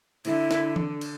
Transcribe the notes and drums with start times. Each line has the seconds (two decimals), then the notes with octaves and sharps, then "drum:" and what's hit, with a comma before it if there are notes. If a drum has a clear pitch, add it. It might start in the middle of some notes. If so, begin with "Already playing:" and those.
0.25 D3 E4, drum: cymbal
0.51 drum: snare
0.76 drum: tom E3
1.01 drum: cymbal